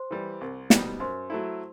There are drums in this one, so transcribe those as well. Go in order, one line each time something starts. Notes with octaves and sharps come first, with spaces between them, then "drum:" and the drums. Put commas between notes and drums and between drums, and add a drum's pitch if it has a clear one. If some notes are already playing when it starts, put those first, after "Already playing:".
Already playing: C5 C6
E3 G3
C2
B2 G3 D#4, drum: snare
F#2 C5 C6
F#3 A3 E4